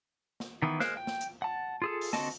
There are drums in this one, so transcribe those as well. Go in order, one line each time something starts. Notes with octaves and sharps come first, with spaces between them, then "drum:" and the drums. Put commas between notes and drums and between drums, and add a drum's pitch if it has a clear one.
drum: snare
D#3 E3 B3
G#3 A#4 C5 F5 F#6, drum: snare
G5
drum: snare
drum: hi-hat
F#5 A5
F4 G#4 A4
drum: open hi-hat
D3 C4 F#4 D#5 A5, drum: snare